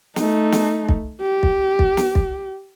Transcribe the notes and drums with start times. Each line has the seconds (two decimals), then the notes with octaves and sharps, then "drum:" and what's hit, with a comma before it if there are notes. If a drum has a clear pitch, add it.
0.16 A3 D#4, drum: snare
0.52 drum: snare
0.89 drum: kick
1.21 G4
1.43 drum: kick
1.79 drum: kick
1.97 drum: snare
2.15 drum: kick